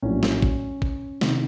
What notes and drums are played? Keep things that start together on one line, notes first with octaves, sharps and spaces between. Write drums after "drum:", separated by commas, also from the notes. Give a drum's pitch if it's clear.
A#1 A2 F#3 C#4
drum: snare
drum: kick
drum: kick
C3 D#3, drum: snare